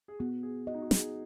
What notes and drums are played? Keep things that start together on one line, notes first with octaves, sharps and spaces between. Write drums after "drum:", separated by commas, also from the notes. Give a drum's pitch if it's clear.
G#4
B3 F#4
G#4
F#4 D#5
D#4
F#4
G#4, drum: snare